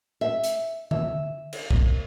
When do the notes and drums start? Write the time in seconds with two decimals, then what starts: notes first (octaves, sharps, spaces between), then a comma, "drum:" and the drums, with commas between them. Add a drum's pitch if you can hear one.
0.21 E5
0.44 drum: hi-hat
0.91 E5, drum: tom D3
1.53 drum: cymbal
1.71 drum: kick